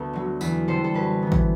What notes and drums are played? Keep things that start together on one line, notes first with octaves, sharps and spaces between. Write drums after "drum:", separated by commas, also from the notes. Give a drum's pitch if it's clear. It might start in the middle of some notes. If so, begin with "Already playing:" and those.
Already playing: D2 B3 A4
D3 F#3
E2 B4, drum: tambourine
D3 G3 A4 C5
A4
F#2 B4
E3 B3
drum: kick A1